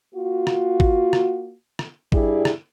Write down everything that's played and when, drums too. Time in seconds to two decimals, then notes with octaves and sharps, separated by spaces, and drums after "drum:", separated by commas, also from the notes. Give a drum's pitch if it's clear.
0.14 A#3 F4 F#4
0.47 drum: rim click
0.80 drum: kick
1.13 drum: rim click
1.79 drum: rim click
2.12 G2 G3 E4 G#4 D5, drum: kick
2.45 drum: rim click